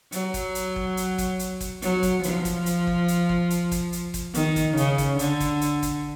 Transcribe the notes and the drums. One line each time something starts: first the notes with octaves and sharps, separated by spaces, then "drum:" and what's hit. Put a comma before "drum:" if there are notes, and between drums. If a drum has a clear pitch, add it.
F#3, drum: hi-hat
drum: kick, hi-hat
drum: hi-hat
drum: kick
drum: hi-hat
drum: kick, hi-hat
drum: hi-hat
drum: kick, hi-hat
F#3, drum: hi-hat
drum: kick, hi-hat
F3, drum: hi-hat
drum: kick, hi-hat
drum: hi-hat
drum: kick
drum: hi-hat
drum: kick
drum: hi-hat
drum: kick, hi-hat
drum: hi-hat
drum: kick, hi-hat
D#3, drum: hi-hat
drum: kick, hi-hat
C#3, drum: hi-hat
drum: kick, hi-hat
D3, drum: hi-hat
drum: kick, hi-hat
drum: hi-hat
drum: kick, hi-hat